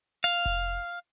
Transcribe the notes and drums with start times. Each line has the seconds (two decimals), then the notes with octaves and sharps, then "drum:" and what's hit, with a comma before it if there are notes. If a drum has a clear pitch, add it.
0.24 F5, drum: hi-hat
0.46 drum: kick F1